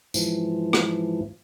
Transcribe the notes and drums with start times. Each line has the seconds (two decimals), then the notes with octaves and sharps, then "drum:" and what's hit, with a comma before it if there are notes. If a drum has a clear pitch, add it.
0.14 G#2 E3 F3, drum: tambourine
0.73 drum: rim click